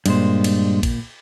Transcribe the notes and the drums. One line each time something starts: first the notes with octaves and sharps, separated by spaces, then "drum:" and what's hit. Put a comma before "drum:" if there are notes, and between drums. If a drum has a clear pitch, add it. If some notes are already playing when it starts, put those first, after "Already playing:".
G2 A#2 G#3 C5, drum: cymbal
drum: cymbal
drum: kick, cymbal